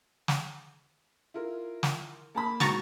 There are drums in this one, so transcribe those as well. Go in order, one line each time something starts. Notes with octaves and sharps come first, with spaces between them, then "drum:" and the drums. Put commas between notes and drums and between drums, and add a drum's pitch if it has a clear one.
drum: snare
E4 F4 A#4
drum: snare
A#3 A5 B5
G#2 B2 A#5 C#6 A6, drum: snare